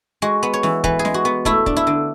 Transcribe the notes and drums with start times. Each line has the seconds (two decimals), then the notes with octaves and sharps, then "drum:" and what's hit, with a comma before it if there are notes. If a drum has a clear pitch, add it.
0.22 G#3 F#4
0.43 B3
0.53 C#5
0.63 E3, drum: snare
0.84 E3 B4, drum: kick
0.99 G#4
1.05 G#3, drum: snare
1.14 F#4
1.25 B3
1.45 A3 E4, drum: kick
1.66 D4, drum: kick
1.77 E4
1.87 D3